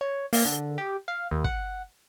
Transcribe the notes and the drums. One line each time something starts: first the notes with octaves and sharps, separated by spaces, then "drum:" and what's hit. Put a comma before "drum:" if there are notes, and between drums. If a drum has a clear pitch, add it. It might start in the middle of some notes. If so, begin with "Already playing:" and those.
C#5
A#3, drum: open hi-hat
D3
G4
F5
D#2
F#5, drum: kick